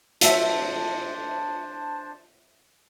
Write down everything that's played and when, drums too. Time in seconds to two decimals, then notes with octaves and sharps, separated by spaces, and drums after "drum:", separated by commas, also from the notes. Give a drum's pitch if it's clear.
0.21 D4 F#4 C5 E5 A5, drum: hi-hat